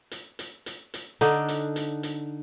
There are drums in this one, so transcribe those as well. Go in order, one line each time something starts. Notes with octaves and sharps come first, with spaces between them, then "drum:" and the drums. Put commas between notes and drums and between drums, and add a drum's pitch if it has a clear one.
drum: hi-hat
drum: hi-hat
drum: hi-hat
drum: hi-hat
D3 D4 D#4, drum: hi-hat
drum: hi-hat
drum: hi-hat
drum: hi-hat